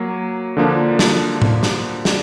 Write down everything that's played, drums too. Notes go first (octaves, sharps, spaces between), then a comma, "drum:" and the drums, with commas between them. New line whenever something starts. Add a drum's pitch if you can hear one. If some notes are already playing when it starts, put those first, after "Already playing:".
Already playing: F#3 A#3
D3 F3 A#3 D4
drum: snare
drum: tom A2
drum: snare
drum: snare